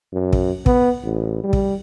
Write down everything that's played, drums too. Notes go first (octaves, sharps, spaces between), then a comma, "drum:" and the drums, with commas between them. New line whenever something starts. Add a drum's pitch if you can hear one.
F#2
drum: kick
B3, drum: kick
A1
G3
drum: kick